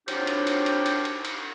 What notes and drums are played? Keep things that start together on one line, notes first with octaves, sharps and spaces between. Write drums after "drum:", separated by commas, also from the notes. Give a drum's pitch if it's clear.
C3 F#3 D4 D#4 F4 G4, drum: cymbal
drum: cymbal
drum: cymbal
drum: cymbal
drum: cymbal
drum: cymbal
drum: cymbal